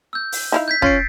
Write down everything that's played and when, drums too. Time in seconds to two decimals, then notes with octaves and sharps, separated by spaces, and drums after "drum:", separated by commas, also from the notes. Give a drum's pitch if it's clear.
0.13 E6 G6
0.32 drum: open hi-hat
0.52 D#4 E4 F5
0.68 G6 G#6 B6
0.82 C#4 F4 A6 C7 D7, drum: kick